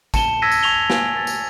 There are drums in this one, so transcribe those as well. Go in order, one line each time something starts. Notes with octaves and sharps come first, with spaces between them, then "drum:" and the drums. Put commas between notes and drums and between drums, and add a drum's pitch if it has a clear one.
A5 C#7 E7 G7, drum: kick, tambourine
E6 G#6 A#6 B6 C#7 D#7
drum: tambourine
G#5 C#6 G#6 F7 G7
G#5, drum: snare
A6
drum: tambourine